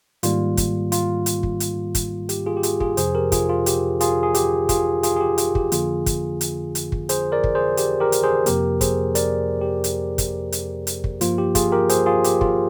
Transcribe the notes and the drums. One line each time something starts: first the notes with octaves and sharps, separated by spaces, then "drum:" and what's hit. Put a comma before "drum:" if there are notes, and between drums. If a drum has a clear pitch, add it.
G#2 D#3 G3 A#3 F4, drum: hi-hat
drum: kick, hi-hat
F4, drum: hi-hat
drum: hi-hat
drum: kick
drum: hi-hat
drum: kick, hi-hat
G4, drum: hi-hat
F4 G#4
G4
F4 G#4, drum: hi-hat
F4 G#4, drum: kick
F2 C3 F3 G#4 C5, drum: hi-hat
G4 A#4
F4 G#4, drum: kick, hi-hat
F4
G4, drum: hi-hat
F4 G#4, drum: hi-hat
G#4
G4, drum: hi-hat
F4 G#4, drum: kick, hi-hat
F4 G#4, drum: hi-hat
G#4
G4
F4, drum: hi-hat
G4, drum: kick
F2 D3 F3 A#3 F4 G#4, drum: hi-hat
drum: kick, hi-hat
drum: hi-hat
drum: hi-hat
drum: kick
G#4 C5, drum: hi-hat
A#4 D5
drum: kick
G#4 C5
G4, drum: hi-hat
G4 A#4
drum: hi-hat
G#4 C5
F2 C3 F3 A#3 G4 A#4, drum: hi-hat
G#4 C5, drum: kick, hi-hat
A#4 D5, drum: hi-hat
G4
drum: hi-hat
drum: kick, hi-hat
drum: hi-hat
drum: hi-hat
drum: kick
G2 F3 A#3 F4, drum: hi-hat
G4
F4 G#4, drum: kick, hi-hat
G4 A#4
G#4 C5, drum: hi-hat
F4 G#4
G4, drum: hi-hat
F4, drum: kick